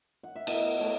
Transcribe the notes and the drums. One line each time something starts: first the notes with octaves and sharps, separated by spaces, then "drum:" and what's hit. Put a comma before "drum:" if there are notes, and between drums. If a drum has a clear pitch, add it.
F#5
E5
B2 D#5, drum: cymbal
A3 C#5